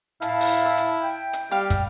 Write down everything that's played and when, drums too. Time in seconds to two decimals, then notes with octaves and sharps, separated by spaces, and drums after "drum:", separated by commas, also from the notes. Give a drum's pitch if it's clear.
0.22 A2 E4 F5 A5, drum: hi-hat
0.40 drum: open hi-hat
0.65 E5
0.78 drum: hi-hat
1.00 G5
1.33 drum: hi-hat
1.51 G3 G4 F5
1.70 drum: kick, hi-hat